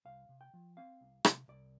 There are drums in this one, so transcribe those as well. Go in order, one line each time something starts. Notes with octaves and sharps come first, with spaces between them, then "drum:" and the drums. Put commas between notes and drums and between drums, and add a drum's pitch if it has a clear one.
C2 F5
C3
G5
F3
C4 F5
C2
C3, drum: rim click
C2 D5